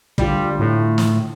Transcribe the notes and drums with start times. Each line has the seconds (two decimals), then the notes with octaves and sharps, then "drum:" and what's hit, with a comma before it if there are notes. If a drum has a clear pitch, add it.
0.18 D3 G3 F4, drum: kick
0.59 A2
0.98 drum: snare